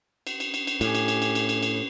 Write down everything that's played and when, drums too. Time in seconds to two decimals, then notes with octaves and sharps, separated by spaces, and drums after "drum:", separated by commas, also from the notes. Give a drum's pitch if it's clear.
0.27 drum: cymbal
0.40 drum: cymbal
0.54 drum: cymbal
0.67 drum: cymbal
0.81 A2 G4 G#5, drum: cymbal
0.95 drum: cymbal
1.08 drum: cymbal
1.22 drum: cymbal
1.35 drum: cymbal
1.49 drum: cymbal
1.63 drum: cymbal